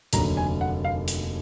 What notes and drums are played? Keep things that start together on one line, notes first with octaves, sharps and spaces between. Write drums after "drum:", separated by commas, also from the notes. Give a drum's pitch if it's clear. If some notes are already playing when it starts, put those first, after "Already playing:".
F1 D#2 D3 F#3 A#5, drum: hi-hat
G#5
F#5
F5
drum: hi-hat